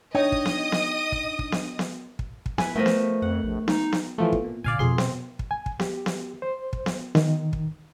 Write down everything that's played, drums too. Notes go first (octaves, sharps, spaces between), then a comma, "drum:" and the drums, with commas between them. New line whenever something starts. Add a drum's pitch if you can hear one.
D4 D#4 C#5 D#5 G5 D#6
drum: kick
drum: snare B3
drum: snare B3
drum: kick
drum: kick
drum: snare B3
drum: snare B3
drum: kick
drum: kick
E4 B4 G#5, drum: snare B3
F3 A3 B3 A#4 D#5 E5
drum: snare B3
F2 F#5
A#1
D#4, drum: snare B3
drum: snare B3
E3 F3 A3
B3, drum: kick
A#2
A#2 D3 D5 F5 G#5
F2 B2 G#4 C6
C4, drum: snare B3
drum: kick
G#5
drum: kick
G4, drum: snare B3
drum: snare B3
C5
drum: kick
drum: snare B3
D#3, drum: snare B3
drum: kick